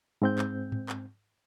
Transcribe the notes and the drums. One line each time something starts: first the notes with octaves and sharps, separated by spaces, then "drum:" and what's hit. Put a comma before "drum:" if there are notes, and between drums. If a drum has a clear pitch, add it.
G#2 C4 G6
drum: clap
drum: tom G#2
drum: clap